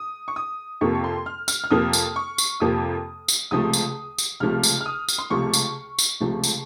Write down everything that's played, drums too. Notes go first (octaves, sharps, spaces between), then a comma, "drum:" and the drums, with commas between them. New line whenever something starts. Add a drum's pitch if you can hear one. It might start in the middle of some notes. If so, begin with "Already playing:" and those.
Already playing: D#6
C#6
D#6
F2 C3 F3 A#3 C#6
C#6
C6
F6
F6, drum: tambourine
F6
F2 C3 F3 A#3 D#6
drum: tambourine
C#6
drum: tambourine
F2 C3 F3 A#3 D#6
drum: tambourine
C#2 C3 F3 A3 D#6
drum: tambourine
drum: tambourine
C#2 C3 F3 A3 F6
drum: tambourine
F6
D#6
drum: tambourine
C6
C#2 C3 F3 A3 C#6
drum: tambourine
drum: tambourine
C#2 C3 F3 A3
drum: tambourine